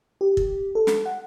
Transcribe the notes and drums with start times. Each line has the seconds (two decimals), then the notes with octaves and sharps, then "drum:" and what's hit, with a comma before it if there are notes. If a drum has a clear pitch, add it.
0.21 G4
0.37 drum: kick
0.75 A4
0.87 drum: snare
1.06 F#5